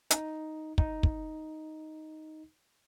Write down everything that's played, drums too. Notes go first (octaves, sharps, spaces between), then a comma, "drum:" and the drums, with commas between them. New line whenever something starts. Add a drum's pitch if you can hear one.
D#4, drum: hi-hat
D#4, drum: kick
drum: kick